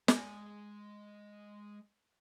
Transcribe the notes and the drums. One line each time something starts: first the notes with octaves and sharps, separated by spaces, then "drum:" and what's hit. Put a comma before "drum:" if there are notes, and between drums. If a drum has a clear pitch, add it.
G#3 G#5, drum: snare